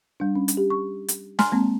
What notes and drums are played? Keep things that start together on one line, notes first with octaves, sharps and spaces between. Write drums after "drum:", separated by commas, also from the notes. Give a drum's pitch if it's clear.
G3 D4
C#4
drum: hi-hat
G4
C#6
drum: hi-hat
G#5 A#5 C6 F6, drum: snare
G#3 A#3 C4